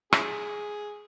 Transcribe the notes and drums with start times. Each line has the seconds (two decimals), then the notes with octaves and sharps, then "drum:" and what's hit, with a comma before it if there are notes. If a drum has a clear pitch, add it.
0.13 C#4 E4 G#4, drum: rim click